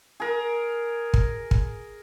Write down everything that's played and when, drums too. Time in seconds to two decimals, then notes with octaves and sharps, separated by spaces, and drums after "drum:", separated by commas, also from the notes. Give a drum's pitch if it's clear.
0.20 G#4 A#4
1.14 drum: kick
1.51 drum: kick